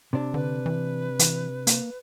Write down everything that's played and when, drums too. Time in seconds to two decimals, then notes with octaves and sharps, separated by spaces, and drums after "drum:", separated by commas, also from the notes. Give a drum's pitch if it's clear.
0.13 C3 D4
0.34 D3 B4
0.66 E3
1.19 E3, drum: hi-hat
1.67 A#3, drum: hi-hat